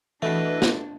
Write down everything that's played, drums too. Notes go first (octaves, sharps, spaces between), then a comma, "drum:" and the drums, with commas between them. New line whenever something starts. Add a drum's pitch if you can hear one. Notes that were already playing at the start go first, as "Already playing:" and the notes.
B2 E3 A3 D4 B4 D#5
drum: snare